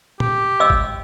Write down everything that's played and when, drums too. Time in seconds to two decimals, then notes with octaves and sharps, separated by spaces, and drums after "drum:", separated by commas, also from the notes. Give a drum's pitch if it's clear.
0.20 G4, drum: tom
0.60 D#5 E6
0.70 drum: kick G#1